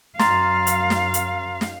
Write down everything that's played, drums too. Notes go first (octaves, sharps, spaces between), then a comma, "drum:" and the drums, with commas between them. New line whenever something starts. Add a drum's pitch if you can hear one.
F#2 F5 A#5 C6 A6, drum: snare
drum: hi-hat
drum: snare
drum: hi-hat
drum: snare